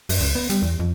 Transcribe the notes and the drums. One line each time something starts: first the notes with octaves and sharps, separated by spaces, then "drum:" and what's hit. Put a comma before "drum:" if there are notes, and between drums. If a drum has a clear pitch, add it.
F#2, drum: open hi-hat
C#2
B3
G3, drum: hi-hat
E2
F2